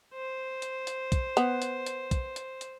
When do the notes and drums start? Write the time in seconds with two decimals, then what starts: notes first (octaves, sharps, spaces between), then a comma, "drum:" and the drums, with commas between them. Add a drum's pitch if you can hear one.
0.14 C5
0.62 drum: hi-hat
0.87 drum: hi-hat
1.12 drum: kick, hi-hat
1.37 B3, drum: hi-hat
1.62 drum: hi-hat
1.86 drum: hi-hat
2.11 drum: kick, hi-hat
2.36 drum: hi-hat
2.61 drum: hi-hat